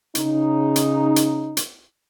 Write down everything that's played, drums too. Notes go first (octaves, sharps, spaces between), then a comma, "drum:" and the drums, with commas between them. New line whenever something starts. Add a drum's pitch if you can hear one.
C#3 D#4, drum: hi-hat
drum: hi-hat
drum: hi-hat
drum: hi-hat